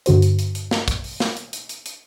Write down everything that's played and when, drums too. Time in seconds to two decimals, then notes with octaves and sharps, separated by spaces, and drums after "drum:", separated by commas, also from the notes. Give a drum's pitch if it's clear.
0.06 G2 D3 F#4 C5, drum: hi-hat
0.22 drum: hi-hat
0.39 drum: hi-hat
0.55 drum: hi-hat
0.71 drum: snare
0.88 drum: kick, hi-hat
1.04 drum: open hi-hat
1.20 drum: snare
1.37 drum: hi-hat
1.53 drum: hi-hat
1.69 drum: hi-hat
1.86 drum: hi-hat